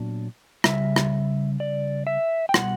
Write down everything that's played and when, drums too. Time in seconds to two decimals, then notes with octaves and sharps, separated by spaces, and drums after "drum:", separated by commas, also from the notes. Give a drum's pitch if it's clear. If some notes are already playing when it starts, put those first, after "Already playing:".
Already playing: A#2 F#3 B3 D4
0.64 C#3 G3 E5, drum: rim click
0.96 drum: rim click
1.60 D5
2.07 E5
2.49 G5
2.54 B2 G3 F#5, drum: rim click